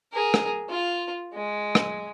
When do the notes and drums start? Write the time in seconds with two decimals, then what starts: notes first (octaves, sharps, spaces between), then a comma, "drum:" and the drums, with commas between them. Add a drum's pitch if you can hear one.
0.13 G#4 A#4
0.34 drum: rim click
0.69 F4
1.34 G#3
1.75 drum: rim click